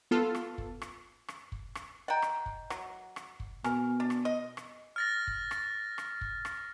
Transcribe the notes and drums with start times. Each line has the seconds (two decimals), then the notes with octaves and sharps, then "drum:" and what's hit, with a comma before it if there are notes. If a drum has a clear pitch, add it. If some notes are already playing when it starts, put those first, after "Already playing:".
0.11 B3 F4 A4
0.35 drum: rim click
0.58 drum: kick
0.82 drum: rim click
1.28 drum: rim click
1.52 drum: kick
1.75 drum: rim click
2.08 D#5 F#5 G5 A#5
2.22 drum: rim click
2.46 drum: kick
2.70 F#3, drum: rim click
3.16 drum: rim click
3.40 drum: kick
3.64 B2 A#4 G#5, drum: rim click
4.00 D4
4.10 drum: rim click
4.25 D#5
4.57 drum: rim click
4.96 F6 A6 A#6
5.27 drum: kick
5.51 drum: rim click
5.98 drum: rim click
6.21 drum: kick
6.45 drum: rim click